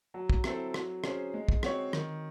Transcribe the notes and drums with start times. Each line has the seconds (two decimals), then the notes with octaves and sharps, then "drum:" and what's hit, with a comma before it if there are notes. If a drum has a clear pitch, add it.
0.14 F#3
0.30 drum: kick
0.44 C4 E4 A4 C5, drum: rim click
0.74 F#3, drum: rim click
1.04 C#4 G#4 C5, drum: rim click
1.34 G#3
1.49 drum: kick
1.63 C4 F#4 C#5, drum: rim click
1.93 D#3, drum: rim click